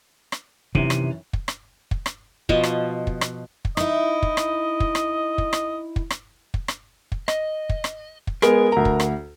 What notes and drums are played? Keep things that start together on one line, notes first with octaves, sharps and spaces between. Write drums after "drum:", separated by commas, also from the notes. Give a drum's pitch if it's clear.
drum: rim click
F#2 C3 D#3 E3, drum: kick
drum: rim click
drum: kick
drum: rim click
drum: kick
drum: rim click
B2 F3 D#5, drum: kick
drum: rim click
drum: kick
drum: rim click
drum: kick
D#4 E4 D#5, drum: rim click
drum: kick
drum: rim click
drum: kick
drum: rim click
drum: kick
drum: rim click
drum: kick
drum: rim click
drum: kick
drum: rim click
drum: kick
D#5, drum: rim click
drum: kick
drum: rim click
drum: kick
G#3 B3 G#4 A#4, drum: rim click
D2 A#5
drum: kick
drum: rim click